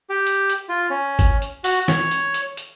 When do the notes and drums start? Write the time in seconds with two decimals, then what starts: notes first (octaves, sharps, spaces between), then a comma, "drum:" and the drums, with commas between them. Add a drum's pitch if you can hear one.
0.09 G4
0.26 drum: hi-hat
0.50 drum: hi-hat
0.69 F4
0.90 C#4
1.19 drum: kick G#1, hi-hat
1.42 drum: hi-hat
1.64 F#4, drum: open hi-hat
1.88 C#5, drum: snare
2.11 drum: hi-hat
2.34 drum: hi-hat
2.57 drum: hi-hat